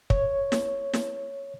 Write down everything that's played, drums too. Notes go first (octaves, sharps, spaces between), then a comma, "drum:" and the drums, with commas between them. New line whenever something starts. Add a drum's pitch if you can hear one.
C#5, drum: kick
drum: snare
drum: snare